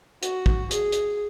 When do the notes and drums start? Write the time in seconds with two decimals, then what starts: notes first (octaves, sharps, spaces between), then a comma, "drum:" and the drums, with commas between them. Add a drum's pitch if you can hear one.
0.23 F#4, drum: hi-hat
0.46 drum: kick
0.71 G#4, drum: hi-hat
0.92 drum: hi-hat